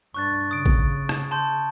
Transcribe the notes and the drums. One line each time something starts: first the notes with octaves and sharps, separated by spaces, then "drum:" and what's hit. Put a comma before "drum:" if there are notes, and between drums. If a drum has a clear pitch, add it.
G2 D4 C#6 F#6 A6
C#3 D#6 D7
drum: kick A1
drum: rim click
A5 C6 G6